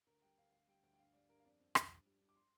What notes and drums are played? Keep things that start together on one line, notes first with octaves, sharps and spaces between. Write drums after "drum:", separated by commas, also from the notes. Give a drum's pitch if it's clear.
D2 A#4
G3 G5
D2 F5
D2 F5
G3 G5
D2 G5
G5
G2 F5
G3 D5
G2 A#4
F5
F2 D5
F2
F3, drum: rim click
G2
G3
G2
D6
C6